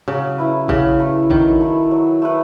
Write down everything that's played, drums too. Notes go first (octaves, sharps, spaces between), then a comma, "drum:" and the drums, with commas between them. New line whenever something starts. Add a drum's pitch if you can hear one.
C#3 F#3
A3 E4 B4
C#3 F#3, drum: kick A1
A3 E4 B4
D#3 F#3, drum: kick A1
A3 E4 B4
F#3
A3 E4 B4